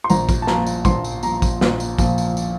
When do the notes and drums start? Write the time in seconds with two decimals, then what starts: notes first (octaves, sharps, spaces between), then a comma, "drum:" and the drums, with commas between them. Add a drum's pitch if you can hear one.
0.04 C6
0.10 A#1 A#5, drum: tambourine
0.29 drum: kick, tambourine
0.42 A5
0.47 A#2 F3 A#5, drum: snare
0.67 drum: tambourine
0.85 A#1 C6, drum: kick, tambourine
1.04 drum: tambourine
1.23 A#2 F3 A#5, drum: tambourine
1.42 drum: kick, tambourine
1.61 A#1, drum: snare
1.80 drum: tambourine
1.99 A#2 F3, drum: kick, tambourine
2.18 drum: tambourine
2.37 drum: tambourine